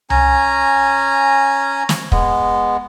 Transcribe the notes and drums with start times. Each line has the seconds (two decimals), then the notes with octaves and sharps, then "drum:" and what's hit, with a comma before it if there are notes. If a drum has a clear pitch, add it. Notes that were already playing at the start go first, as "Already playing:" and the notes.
0.10 C#4 G#5 A#5, drum: tom C2
1.89 drum: snare
2.12 G#3 B3, drum: kick